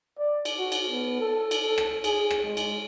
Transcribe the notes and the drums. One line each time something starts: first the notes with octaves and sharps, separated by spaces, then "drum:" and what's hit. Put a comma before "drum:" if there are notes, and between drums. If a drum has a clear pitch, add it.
D5
drum: cymbal
F#4
drum: cymbal
B3
A4
drum: cymbal
A4
drum: rim click
G#4, drum: cymbal
drum: rim click
G#3
drum: cymbal